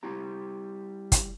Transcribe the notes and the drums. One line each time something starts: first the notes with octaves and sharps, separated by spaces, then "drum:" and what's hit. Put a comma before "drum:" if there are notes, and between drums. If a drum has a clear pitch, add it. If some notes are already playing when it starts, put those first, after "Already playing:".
G3 E4 G4 A#5
drum: kick, hi-hat